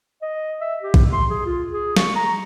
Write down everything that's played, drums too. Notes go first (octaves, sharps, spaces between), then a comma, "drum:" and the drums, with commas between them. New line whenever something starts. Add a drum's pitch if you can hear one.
D#5
E5
G4
drum: kick
C6
G#4
F4
G#4
C#6, drum: snare
A#5